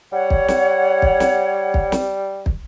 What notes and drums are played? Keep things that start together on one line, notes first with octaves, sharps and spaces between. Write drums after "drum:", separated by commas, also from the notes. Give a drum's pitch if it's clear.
G3 C#5 F#5
drum: kick
drum: snare
drum: kick
drum: snare
drum: kick
drum: snare
drum: kick